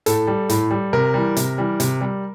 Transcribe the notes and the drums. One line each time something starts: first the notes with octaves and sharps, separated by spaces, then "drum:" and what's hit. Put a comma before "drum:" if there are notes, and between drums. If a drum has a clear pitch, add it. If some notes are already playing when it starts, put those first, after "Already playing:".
A2 A4, drum: hi-hat
G3
A2, drum: hi-hat
G3
C3 A#4
E3 G3
C3, drum: hi-hat
E3 G3
C3, drum: hi-hat
G3